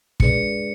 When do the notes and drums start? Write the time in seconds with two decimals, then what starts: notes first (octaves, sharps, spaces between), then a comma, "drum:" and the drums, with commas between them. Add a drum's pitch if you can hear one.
0.20 G#3 D4 G#4 B4 D5 C#7, drum: kick